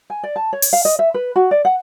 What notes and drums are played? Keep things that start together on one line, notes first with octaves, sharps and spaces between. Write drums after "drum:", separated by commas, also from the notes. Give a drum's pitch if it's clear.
G#5
D5
A5
C#5
drum: open hi-hat
F5
D#5
E5
B4
F#4
D5
F#5